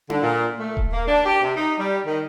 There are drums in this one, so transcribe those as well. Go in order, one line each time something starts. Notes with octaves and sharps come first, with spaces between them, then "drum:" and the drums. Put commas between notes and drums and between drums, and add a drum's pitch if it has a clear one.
D3, drum: tom D4
A#2
A3
drum: kick D#1
A#3
D4
G4
C3
D#4
G3
D#3